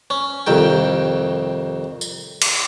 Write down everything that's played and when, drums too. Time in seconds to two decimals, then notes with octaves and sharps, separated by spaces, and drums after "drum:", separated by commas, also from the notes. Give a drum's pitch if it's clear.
0.10 C#4
0.47 C2 F2 D#3 G5
2.01 drum: tambourine
2.42 drum: cymbal